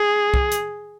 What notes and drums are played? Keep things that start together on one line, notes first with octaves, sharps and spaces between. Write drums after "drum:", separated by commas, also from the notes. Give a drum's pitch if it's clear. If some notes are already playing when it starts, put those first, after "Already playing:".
Already playing: G#4
drum: kick C2
drum: hi-hat